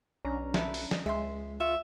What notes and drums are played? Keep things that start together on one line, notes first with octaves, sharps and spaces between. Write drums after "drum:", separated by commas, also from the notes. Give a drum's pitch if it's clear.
B1 C#4 D4 A#5
E4 A4 B4, drum: snare
drum: open hi-hat
D#5, drum: snare
C#2 G#3 E5 C6
F4 C#5 E5